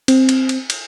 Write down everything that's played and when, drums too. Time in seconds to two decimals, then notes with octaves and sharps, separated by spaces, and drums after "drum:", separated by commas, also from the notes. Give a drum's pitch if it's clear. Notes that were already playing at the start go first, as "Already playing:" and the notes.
0.08 C4, drum: cymbal
0.29 drum: cymbal
0.49 drum: cymbal
0.70 drum: cymbal